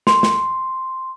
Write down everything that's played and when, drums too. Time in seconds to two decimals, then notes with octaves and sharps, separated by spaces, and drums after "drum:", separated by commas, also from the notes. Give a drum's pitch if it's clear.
0.07 C6, drum: snare
0.23 drum: snare